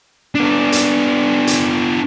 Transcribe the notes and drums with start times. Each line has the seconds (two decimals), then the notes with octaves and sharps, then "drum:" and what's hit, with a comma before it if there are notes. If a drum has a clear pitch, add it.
0.35 B3 D4
0.72 drum: hi-hat
1.47 drum: hi-hat